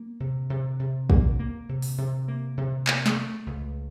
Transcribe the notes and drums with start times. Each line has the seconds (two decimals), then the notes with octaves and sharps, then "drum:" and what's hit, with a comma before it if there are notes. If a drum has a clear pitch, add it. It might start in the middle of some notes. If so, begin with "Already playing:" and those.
Already playing: A#3
0.20 C3
0.50 C3
0.80 C3
1.10 A#3, drum: kick
1.39 A#3
1.69 C3
1.82 drum: open hi-hat
1.98 C3
2.28 A#3
2.57 C3
2.87 A#3, drum: clap
3.06 drum: snare
3.17 A3
3.46 C#2